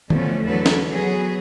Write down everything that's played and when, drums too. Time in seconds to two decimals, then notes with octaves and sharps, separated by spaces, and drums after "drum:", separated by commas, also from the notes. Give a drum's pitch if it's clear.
0.10 D3 E3 F3 A3 B3 C#4, drum: tom D#3
0.44 E2 D3 F#3 A4 B4
0.66 drum: snare
0.90 F#3 B3 G#4